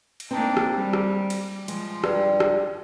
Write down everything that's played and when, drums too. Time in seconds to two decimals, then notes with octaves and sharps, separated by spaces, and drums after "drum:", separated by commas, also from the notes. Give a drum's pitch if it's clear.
0.20 drum: cymbal
0.31 A#3 C4 D4 D#4
0.57 drum: rim click
0.74 G3
0.93 drum: rim click
1.30 drum: cymbal
1.68 F3 G#3, drum: cymbal
2.04 G2, drum: rim click
2.40 drum: rim click